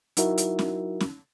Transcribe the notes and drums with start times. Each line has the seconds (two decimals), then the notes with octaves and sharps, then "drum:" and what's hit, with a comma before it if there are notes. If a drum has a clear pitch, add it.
0.17 F#3 D#4 E4 F#4 A#4 E5, drum: hi-hat
0.38 drum: hi-hat
0.59 drum: snare C#4
1.00 drum: snare C#4